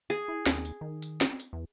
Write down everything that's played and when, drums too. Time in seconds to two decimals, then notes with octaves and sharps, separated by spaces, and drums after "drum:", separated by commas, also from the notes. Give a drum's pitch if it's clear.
0.10 G#4
0.28 E4
0.46 D#2, drum: snare
0.65 drum: hi-hat
0.81 D#3
1.02 drum: hi-hat
1.21 drum: snare
1.40 drum: hi-hat
1.53 E2